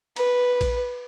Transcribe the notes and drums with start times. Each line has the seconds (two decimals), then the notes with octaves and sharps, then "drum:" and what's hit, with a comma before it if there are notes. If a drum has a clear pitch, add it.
0.16 B4, drum: cymbal
0.61 drum: kick A#1, cymbal